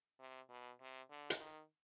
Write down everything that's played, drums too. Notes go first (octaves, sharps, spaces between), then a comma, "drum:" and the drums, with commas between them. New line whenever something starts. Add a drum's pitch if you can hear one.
C3
B2
C3
D3
drum: hi-hat
D#3